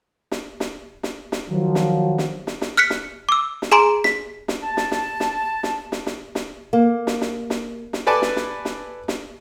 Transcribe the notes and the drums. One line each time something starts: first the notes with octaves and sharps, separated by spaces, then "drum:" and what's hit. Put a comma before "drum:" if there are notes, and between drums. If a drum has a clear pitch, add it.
drum: snare
drum: snare
drum: snare
drum: snare
D#3 F3 F#3
drum: snare
drum: snare
drum: snare
drum: snare
F6 F#6 B6 C#7
drum: snare
D6 E6
drum: snare
G#4 G#5 A#5 C6 D7
B6, drum: snare
drum: snare
A5
drum: snare
drum: snare
drum: snare
drum: snare
drum: snare
drum: snare
drum: snare
A#3
drum: snare
drum: snare
drum: snare
drum: snare
A4 B4 D5 G#5 A5 D6
drum: snare
drum: snare
drum: snare
drum: snare